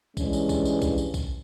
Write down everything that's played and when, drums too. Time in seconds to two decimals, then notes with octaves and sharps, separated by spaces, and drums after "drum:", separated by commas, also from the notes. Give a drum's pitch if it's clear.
0.17 G2 E3 G#3 C#4, drum: kick B1, tambourine
0.33 drum: tambourine
0.49 drum: kick B1, tambourine
0.65 drum: tambourine
0.82 drum: kick B1, tambourine
0.98 drum: tambourine
1.14 drum: kick B1, tambourine